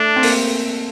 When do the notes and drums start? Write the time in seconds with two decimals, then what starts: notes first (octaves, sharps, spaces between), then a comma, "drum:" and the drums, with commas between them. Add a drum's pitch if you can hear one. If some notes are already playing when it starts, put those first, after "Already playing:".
Already playing: A3 D4
0.16 C4
0.23 A#3, drum: open hi-hat